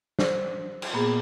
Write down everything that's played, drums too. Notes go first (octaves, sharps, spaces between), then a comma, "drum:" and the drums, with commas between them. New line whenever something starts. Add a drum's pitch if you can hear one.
C5, drum: snare
drum: cymbal
A#2 A#3 B3 G#4